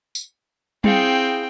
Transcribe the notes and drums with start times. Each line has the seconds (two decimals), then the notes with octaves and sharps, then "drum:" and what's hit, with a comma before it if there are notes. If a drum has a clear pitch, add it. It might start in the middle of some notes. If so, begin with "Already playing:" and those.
0.15 drum: tambourine
0.84 C4 E4 G#4 F5 G5, drum: tom G3